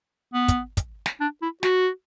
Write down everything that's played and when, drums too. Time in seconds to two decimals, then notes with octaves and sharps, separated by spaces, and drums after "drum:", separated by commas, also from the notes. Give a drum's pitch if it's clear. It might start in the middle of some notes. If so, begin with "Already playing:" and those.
0.34 B3
0.48 drum: kick, hi-hat
0.77 drum: kick, hi-hat
1.06 drum: snare
1.21 D4
1.42 E4
1.63 F#4, drum: snare